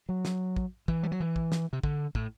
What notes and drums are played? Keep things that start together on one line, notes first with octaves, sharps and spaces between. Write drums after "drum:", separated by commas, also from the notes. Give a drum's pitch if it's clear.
F#3
drum: snare
drum: kick
E3, drum: kick
G3
F#3
E3
drum: kick
drum: snare
C3
D3, drum: kick
A2, drum: kick